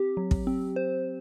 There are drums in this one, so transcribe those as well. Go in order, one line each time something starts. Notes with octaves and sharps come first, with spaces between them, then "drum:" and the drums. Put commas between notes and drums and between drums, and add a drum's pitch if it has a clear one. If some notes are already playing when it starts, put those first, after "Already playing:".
Already playing: C4 G4
F#3
drum: kick
C4
C5